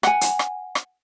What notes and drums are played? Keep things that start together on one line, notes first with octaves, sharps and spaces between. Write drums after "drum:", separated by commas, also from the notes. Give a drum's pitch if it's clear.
F#5 G#5, drum: rim click
drum: hi-hat
drum: rim click
drum: rim click